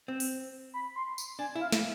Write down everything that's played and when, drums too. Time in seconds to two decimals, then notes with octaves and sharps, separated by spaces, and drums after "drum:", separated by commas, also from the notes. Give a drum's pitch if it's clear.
0.08 C4
0.20 drum: open hi-hat
0.74 B5
0.96 C6
1.18 drum: tambourine
1.39 D4 G#5
1.55 E4
1.61 F5
1.72 E4, drum: snare